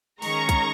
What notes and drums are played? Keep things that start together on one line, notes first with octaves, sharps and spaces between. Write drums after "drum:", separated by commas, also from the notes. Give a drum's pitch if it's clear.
D#3 G#3 C#4 A#5 C#6, drum: open hi-hat
drum: kick, hi-hat